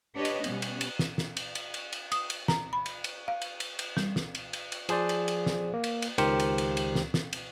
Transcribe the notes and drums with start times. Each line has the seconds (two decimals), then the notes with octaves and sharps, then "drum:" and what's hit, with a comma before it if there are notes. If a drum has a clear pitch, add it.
0.14 D4 G4 B4 C#5 D#5
0.25 drum: cymbal
0.44 B2 G3 B3 C#4, drum: cymbal
0.62 drum: cymbal
0.81 drum: cymbal
0.99 drum: snare
1.18 drum: snare
1.37 drum: cymbal
1.55 drum: cymbal
1.74 drum: cymbal
1.92 drum: cymbal
2.12 D#6, drum: cymbal
2.30 drum: cymbal
2.48 A#5, drum: snare
2.73 B5
2.86 drum: cymbal
3.04 drum: cymbal
3.28 F5
3.42 drum: cymbal
3.60 drum: cymbal
3.79 drum: cymbal
3.97 G3, drum: snare
4.16 drum: snare
4.35 drum: cymbal
4.53 drum: cymbal
4.72 drum: cymbal
4.89 F3 G#4 C5 D5, drum: cymbal
5.09 drum: cymbal
5.28 drum: cymbal
5.46 drum: snare
5.74 A#3
5.84 drum: cymbal
6.02 drum: cymbal
6.18 C#2 D#3 G4 A#4 C5 C#7, drum: cymbal
6.40 drum: cymbal
6.58 drum: cymbal
6.77 drum: cymbal
6.95 drum: snare
7.14 drum: snare
7.33 drum: cymbal